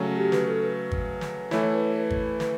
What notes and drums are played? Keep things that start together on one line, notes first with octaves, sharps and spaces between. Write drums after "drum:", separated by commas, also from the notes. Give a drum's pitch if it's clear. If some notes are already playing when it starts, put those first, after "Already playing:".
Already playing: C#3 F#3 A3 C#4
G4
B4, drum: snare
A4
B4
drum: kick
drum: snare
E3 A3 E4 C#5, drum: snare
C#5
B4
C#5
B4
drum: kick
B4, drum: snare